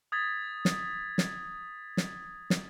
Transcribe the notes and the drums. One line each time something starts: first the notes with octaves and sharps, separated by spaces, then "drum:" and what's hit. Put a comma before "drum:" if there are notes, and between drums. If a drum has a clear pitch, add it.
D#6 G#6 A6 B6
drum: snare
drum: snare
drum: snare
drum: snare